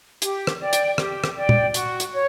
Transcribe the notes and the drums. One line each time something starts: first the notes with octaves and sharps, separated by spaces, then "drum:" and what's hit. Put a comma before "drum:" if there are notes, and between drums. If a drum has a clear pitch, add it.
G4, drum: hi-hat
drum: rim click
D5 G5
drum: hi-hat
G4, drum: rim click
drum: rim click
D5 G5
drum: tom
F#4, drum: hi-hat
drum: hi-hat
C#5